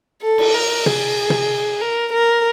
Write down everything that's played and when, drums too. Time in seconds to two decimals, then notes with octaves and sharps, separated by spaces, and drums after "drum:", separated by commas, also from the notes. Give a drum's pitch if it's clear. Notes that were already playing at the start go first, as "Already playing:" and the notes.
0.22 A4
0.38 drum: cymbal
0.54 A#4
0.86 G#4, drum: tom
1.30 drum: tom
1.81 A#4
2.13 A#4